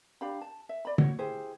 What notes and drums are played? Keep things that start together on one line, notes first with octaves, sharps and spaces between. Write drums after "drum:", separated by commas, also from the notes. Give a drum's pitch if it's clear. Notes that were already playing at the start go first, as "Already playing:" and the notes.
D4 G4 F5 B5
A5
E5
D5 B5
F#4 C#5, drum: tom
E4 G4 G#4 C5